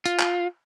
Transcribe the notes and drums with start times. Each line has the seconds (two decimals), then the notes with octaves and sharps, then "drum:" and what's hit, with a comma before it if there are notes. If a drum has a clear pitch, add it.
0.06 F4, drum: hi-hat
0.20 drum: clap